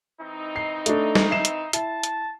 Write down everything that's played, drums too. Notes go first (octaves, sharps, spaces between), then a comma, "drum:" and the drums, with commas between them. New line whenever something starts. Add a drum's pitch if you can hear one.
E3 C4 D#4
C7
A3 D4, drum: hi-hat
drum: snare
E5 C7 E7
drum: hi-hat
E4 A5, drum: hi-hat
drum: hi-hat